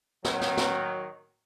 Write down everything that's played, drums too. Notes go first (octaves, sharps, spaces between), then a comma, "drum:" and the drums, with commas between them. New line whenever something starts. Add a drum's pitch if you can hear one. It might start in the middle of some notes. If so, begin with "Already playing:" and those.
D#3 F#3, drum: snare
drum: snare
drum: snare